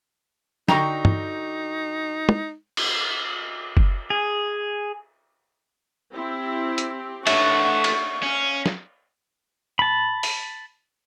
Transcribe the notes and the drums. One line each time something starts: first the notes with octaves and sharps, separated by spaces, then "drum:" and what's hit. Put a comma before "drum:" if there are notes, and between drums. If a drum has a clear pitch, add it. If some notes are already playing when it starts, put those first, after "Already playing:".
D3 D#4 F#4 G5 A#5 C#6, drum: snare
drum: tom
drum: tom
drum: cymbal
drum: kick F#1
G#4
C4 E4 G4
drum: hi-hat
A3 D4 B4 C#5 E5 F#5 C#6, drum: cymbal
drum: cymbal
C#4 F5
drum: snare
A5 B5
drum: open hi-hat